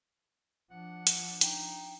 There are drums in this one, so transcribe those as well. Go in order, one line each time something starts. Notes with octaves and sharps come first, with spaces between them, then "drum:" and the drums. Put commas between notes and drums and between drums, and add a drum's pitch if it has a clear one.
F3 D4 F#5
drum: hi-hat
D#4 G5, drum: hi-hat